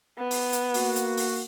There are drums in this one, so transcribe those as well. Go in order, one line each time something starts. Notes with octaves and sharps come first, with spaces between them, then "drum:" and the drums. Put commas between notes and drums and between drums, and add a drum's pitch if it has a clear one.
B3
drum: open hi-hat
drum: hi-hat
A#3 F#4, drum: open hi-hat
drum: hi-hat
drum: open hi-hat